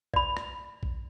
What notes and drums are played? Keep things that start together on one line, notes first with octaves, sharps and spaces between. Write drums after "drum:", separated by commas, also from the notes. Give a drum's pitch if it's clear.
D5 B5, drum: kick A#1
drum: rim click
drum: kick A#1